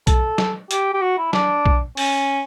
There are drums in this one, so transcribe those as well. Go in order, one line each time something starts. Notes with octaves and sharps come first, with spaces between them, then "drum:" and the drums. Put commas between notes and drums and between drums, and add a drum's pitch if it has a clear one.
A4, drum: kick B1, hi-hat
drum: snare F#3
G4, drum: hi-hat
G4
F#4
E4
D4, drum: snare F#3
drum: kick B1
C#4, drum: open hi-hat